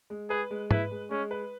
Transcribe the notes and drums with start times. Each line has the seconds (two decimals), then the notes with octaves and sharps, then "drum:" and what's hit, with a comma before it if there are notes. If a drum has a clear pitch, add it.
0.10 G#3
0.30 G#4 B4
0.51 G#3
0.71 E4 B4, drum: tom
0.91 G#3
1.11 G#3 C#4
1.31 B4